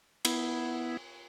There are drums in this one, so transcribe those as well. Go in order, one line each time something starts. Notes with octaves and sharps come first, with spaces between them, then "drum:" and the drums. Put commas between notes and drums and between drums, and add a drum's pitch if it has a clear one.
B3 E4, drum: cymbal